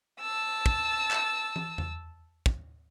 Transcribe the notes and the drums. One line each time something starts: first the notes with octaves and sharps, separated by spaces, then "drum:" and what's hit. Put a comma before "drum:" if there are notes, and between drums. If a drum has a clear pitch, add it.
A5 E6
drum: kick
drum: clap
drum: tom
drum: tom E2
drum: kick